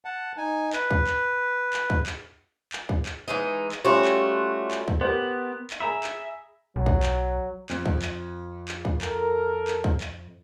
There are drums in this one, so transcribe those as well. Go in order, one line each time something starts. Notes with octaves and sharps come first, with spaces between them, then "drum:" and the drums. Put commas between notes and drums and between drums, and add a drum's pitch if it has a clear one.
F#5 A5
D#4 G#5
B4, drum: clap
drum: kick
drum: clap
drum: clap
drum: kick
drum: clap
drum: clap
drum: kick
drum: clap
E3 G#3 D#4
drum: clap
G3 A3 C#4 F4 F#4
drum: clap
drum: clap
drum: kick
B3 G4 A#4 C5
drum: clap
G#4 E5 A#5 B5
drum: clap
B1 F#3
drum: kick
drum: clap
F2, drum: clap
drum: kick
drum: clap
drum: clap
drum: kick
A4 A#4, drum: clap
drum: clap
drum: kick
drum: clap